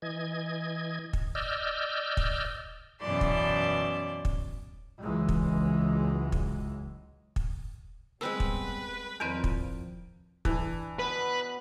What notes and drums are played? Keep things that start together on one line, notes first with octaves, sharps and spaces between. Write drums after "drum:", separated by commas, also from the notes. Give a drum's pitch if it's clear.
E3 D#5 G#6
drum: kick
D5 D#5 E6 F6 G6
drum: kick
F#2 B2 E3 D5 A5 C6
drum: kick
drum: kick
C#2 E3 F#3 G#3
drum: kick
drum: kick
drum: kick
G3 G#3 B3 C4 B4 C5 E6
drum: kick
E2 D#3 F3 C4 A#4 D5 G5
drum: kick
E3 D4, drum: kick
B2 B3 B4